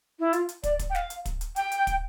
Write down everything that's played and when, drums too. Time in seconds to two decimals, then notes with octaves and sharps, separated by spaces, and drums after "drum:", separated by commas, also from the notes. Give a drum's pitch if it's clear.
0.19 E4
0.33 F4, drum: hi-hat
0.49 drum: hi-hat
0.63 D5, drum: kick, hi-hat
0.79 drum: kick, hi-hat
0.90 G5
0.95 F5, drum: snare
1.10 drum: hi-hat
1.25 drum: kick, hi-hat
1.41 drum: hi-hat
1.56 G5, drum: hi-hat
1.72 drum: hi-hat
1.87 drum: kick, hi-hat